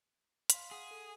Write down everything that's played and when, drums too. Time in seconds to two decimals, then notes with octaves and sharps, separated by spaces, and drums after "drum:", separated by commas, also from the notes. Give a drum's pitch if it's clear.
0.50 F5 C6 B6, drum: hi-hat
0.71 G#4 F#5 D#6
0.91 A4